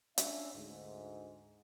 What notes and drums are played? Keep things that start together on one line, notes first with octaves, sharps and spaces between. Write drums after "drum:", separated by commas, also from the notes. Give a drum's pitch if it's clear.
C#4 D4 E5, drum: hi-hat
D2 G#2